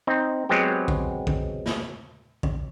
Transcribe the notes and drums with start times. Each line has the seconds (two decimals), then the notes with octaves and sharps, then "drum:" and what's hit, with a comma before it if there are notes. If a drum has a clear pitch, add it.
0.07 C4 D#4
0.49 F#3 G#3 B3 C4 G4
0.88 drum: kick A#1
1.27 drum: kick A#1
1.66 drum: snare
2.43 drum: kick A#1